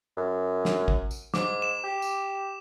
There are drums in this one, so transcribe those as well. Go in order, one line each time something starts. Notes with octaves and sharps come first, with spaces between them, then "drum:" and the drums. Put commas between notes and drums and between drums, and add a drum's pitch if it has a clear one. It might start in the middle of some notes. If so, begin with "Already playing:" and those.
F#2
drum: snare
drum: kick
drum: tambourine
G#2 D6, drum: snare
E7
G4
drum: tambourine